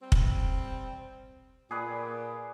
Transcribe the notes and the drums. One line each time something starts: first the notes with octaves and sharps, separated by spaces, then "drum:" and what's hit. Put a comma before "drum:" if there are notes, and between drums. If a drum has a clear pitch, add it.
G3 C4
drum: kick
A#2 G#4 B4 D5